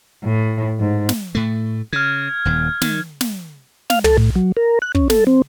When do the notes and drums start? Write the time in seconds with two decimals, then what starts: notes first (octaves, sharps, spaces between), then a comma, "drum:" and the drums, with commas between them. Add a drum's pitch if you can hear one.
0.24 A2
0.79 G#2
1.09 drum: snare
1.35 A2 A3
1.93 C#3 F6 G#6
2.45 D#1 D#2
2.82 D#3, drum: snare
3.21 drum: snare
3.90 F5, drum: snare
4.04 A4, drum: tom
4.18 A2
4.35 F#3
4.57 A#4
4.82 F#6
4.95 C#4, drum: kick
5.10 A4, drum: snare
5.27 C4